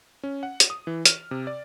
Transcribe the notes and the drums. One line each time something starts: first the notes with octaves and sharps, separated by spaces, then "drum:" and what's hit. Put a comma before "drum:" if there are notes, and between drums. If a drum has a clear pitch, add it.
C#4
F#5
drum: hi-hat
D#6
E3
F6, drum: hi-hat
C3
D5